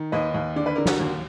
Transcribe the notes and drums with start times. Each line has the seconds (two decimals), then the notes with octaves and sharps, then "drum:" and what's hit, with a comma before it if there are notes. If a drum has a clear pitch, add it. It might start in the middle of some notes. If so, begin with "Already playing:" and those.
Already playing: D#3
0.12 D#2 B4 D#5
0.34 D#2
0.56 D3 D5
0.66 B4
0.75 D3 A#4 D5
0.86 F#4 A#4, drum: snare
1.00 D#2